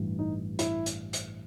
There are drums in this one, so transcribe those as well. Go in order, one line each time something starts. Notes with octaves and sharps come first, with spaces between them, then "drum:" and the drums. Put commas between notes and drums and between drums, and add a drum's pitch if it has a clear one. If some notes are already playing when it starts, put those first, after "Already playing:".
Already playing: A1 G2 E3 G3
D#4
E4, drum: hi-hat
drum: hi-hat
drum: hi-hat